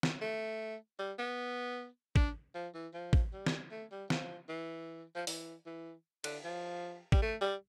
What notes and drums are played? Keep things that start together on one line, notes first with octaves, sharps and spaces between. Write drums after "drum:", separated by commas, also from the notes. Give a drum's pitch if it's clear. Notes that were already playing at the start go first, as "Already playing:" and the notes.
drum: snare
A3
G3
B3
D4, drum: kick
F3
E3
F3
drum: kick
G3
drum: snare
A3
G3
F3, drum: snare
E3
F3
E3, drum: open hi-hat
E3
D3, drum: cymbal
F3
G3, drum: kick
A3
G3